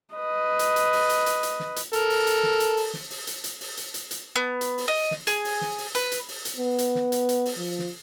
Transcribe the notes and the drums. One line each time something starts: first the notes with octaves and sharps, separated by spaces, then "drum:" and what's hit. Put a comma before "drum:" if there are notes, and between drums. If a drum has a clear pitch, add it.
B4 D#5
drum: hi-hat
drum: hi-hat
drum: open hi-hat
drum: hi-hat
drum: hi-hat
drum: hi-hat
drum: snare
drum: hi-hat
A4 A#4, drum: hi-hat
drum: open hi-hat
drum: hi-hat
drum: snare
drum: hi-hat
drum: open hi-hat
drum: snare
drum: open hi-hat
drum: hi-hat
drum: hi-hat
drum: open hi-hat
drum: hi-hat
drum: hi-hat
drum: hi-hat
B3
drum: hi-hat
drum: open hi-hat
D#5
drum: snare
G#4, drum: hi-hat
drum: open hi-hat
drum: snare
drum: open hi-hat
B4, drum: hi-hat
drum: hi-hat
drum: open hi-hat
drum: hi-hat
B3
drum: hi-hat
drum: snare
drum: hi-hat
drum: hi-hat
drum: open hi-hat
F3
drum: snare